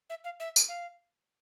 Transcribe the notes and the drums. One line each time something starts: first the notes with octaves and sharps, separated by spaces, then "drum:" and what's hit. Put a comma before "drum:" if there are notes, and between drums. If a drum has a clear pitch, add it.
E5
F5
E5
drum: tambourine
F5